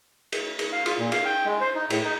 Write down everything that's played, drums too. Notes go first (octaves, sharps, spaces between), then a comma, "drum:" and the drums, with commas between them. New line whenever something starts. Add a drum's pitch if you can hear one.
drum: cymbal
drum: cymbal
F5
F4, drum: cymbal
A#2
F5, drum: cymbal
G5
G#3
C5
D#4
A2, drum: cymbal
D#4